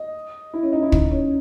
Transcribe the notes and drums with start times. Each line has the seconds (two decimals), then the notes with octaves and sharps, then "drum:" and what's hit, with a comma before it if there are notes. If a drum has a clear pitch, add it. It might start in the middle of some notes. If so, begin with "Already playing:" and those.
Already playing: D#5
0.54 E4
0.63 C#4
0.73 D#4
0.82 E4
0.92 D#4, drum: kick
1.11 C#4